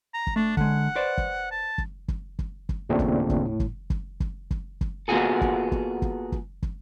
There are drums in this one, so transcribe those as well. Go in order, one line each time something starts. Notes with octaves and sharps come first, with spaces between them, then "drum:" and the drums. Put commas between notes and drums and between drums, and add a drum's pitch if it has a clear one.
A#5
drum: kick
A3 D4
D3 G#3 F#5, drum: kick
B4 C5 D5
drum: kick
A5
drum: kick
drum: kick
drum: kick
drum: kick
D#2 A#2 C#3 A3 C4 D4
drum: kick
drum: kick
A2
drum: kick
drum: kick
drum: kick
drum: kick
drum: kick
A#3 B3 F4 F#4 G#4 A4
drum: kick
drum: kick
drum: kick
drum: kick
drum: kick